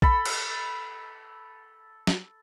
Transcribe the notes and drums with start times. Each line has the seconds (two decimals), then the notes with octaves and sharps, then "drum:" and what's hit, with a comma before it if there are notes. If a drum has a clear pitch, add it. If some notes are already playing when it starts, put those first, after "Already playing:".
0.02 A4 B5, drum: kick A#1
0.25 drum: cymbal
2.07 drum: snare